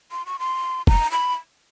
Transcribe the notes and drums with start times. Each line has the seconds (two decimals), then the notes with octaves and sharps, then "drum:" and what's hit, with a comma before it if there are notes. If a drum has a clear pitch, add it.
0.11 C6
0.26 C#6
0.39 C6
0.87 A#5, drum: kick
1.12 B5